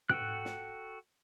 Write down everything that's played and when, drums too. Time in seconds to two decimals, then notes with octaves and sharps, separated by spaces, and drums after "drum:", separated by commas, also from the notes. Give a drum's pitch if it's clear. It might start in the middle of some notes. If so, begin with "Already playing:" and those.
0.10 F#4 A4 G5 F#6, drum: tom
0.45 drum: snare